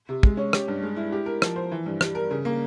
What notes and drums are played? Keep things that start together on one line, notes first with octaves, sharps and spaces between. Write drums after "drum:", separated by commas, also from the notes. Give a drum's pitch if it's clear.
C3
G#3, drum: kick
C#4
G4, drum: rim click
G2
G#3
E4
G4
A#4
F3, drum: rim click
C5
E3
G2
G3, drum: rim click
A#4
C#3
A#3